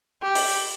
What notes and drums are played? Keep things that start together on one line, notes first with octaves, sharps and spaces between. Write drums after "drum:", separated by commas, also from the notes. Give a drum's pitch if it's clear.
G4
drum: open hi-hat